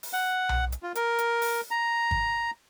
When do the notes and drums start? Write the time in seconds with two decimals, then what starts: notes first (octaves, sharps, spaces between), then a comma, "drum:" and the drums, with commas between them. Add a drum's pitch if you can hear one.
0.03 drum: open hi-hat
0.13 F#5
0.49 drum: tom B1
0.72 drum: hi-hat
0.83 F4
0.95 A#4, drum: hi-hat
1.19 drum: hi-hat
1.42 drum: open hi-hat
1.71 A#5
2.11 drum: kick